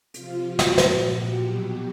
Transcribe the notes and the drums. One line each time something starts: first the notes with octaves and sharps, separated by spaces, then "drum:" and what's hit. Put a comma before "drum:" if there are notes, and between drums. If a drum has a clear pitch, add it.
C3 F3 F4, drum: hi-hat
F#4
drum: snare
A#2 F3, drum: snare
G4
B2 F#3